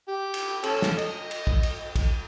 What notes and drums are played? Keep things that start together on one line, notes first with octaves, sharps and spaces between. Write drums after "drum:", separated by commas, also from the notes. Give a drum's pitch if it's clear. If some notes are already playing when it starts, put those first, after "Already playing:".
G4
drum: cymbal
C#4 A4, drum: cymbal
drum: snare
D#5, drum: cymbal
drum: cymbal
drum: kick
drum: cymbal
drum: kick, cymbal